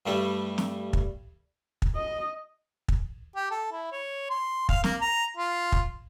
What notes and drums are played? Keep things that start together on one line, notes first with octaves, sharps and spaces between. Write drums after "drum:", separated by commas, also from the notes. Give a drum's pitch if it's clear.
G2 G3 A3 E4
drum: snare
drum: kick
drum: kick
D#5
drum: kick
G4
A4
E4
C#5
C6
F5, drum: kick
A#3, drum: snare
A#5
F4
drum: kick